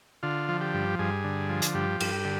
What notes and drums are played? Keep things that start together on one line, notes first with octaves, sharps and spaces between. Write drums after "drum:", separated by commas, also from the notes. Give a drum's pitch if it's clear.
D3 F4
F3
G4
G2
G2 G#4
D3
F3
drum: hi-hat
G2 G4
G2, drum: cymbal
D3